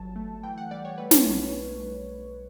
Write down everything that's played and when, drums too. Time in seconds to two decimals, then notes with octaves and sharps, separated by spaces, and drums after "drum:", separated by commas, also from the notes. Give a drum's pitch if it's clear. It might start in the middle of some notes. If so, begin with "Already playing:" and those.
Already playing: G1 F#3 A5
0.16 A3
0.43 E3 G5
0.58 F#5
0.71 G3 D5
0.85 C#5
0.98 A3 B4
1.11 C#5, drum: snare
1.26 B1